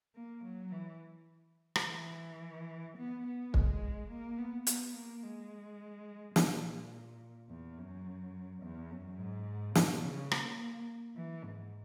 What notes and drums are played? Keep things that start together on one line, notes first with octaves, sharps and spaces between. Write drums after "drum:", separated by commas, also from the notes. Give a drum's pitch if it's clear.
A#3
F#3
E3
drum: rim click
E3
B3
B3
G#3, drum: kick
A#3
B3
B3, drum: hi-hat
A#3
G#3
A#2, drum: snare
E2
F#2
E2
F#2
G#2
B2, drum: snare
C#3
A#3, drum: rim click
E3
G#2